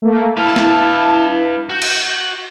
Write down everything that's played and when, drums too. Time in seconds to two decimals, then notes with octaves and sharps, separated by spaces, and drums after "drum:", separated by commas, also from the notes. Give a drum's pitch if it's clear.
0.02 A3 A#3
0.37 E4 B4 F5 A5
0.56 drum: snare
1.69 F#4 G6
1.82 drum: cymbal